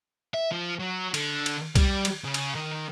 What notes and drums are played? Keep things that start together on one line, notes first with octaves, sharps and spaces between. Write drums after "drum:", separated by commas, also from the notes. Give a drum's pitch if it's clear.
E5
F3
F#3
D3, drum: cymbal
drum: cymbal
G3, drum: kick, cymbal
drum: cymbal
C#3
drum: cymbal
D#3